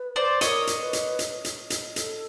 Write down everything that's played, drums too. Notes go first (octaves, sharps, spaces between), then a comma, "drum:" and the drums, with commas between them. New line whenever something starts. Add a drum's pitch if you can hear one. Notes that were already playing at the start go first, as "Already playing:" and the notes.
Already playing: B4
C5 D5
A#4 C#5 D#5, drum: hi-hat
drum: hi-hat
B4
drum: hi-hat
drum: hi-hat
drum: hi-hat
drum: hi-hat
A4, drum: hi-hat